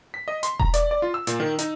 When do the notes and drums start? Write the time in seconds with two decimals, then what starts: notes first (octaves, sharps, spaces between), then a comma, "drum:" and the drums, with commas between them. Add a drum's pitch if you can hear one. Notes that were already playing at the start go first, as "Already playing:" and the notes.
0.14 B6
0.28 D#5
0.43 C6, drum: hi-hat
0.60 A#5, drum: kick E1
0.74 D5, drum: hi-hat
0.91 D5
1.02 F4
1.14 E6
1.27 A#2, drum: hi-hat
1.40 D#3
1.59 D#4, drum: hi-hat